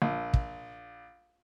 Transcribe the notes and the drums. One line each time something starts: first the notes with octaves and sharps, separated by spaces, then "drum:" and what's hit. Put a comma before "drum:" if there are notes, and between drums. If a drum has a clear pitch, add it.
A#1
drum: kick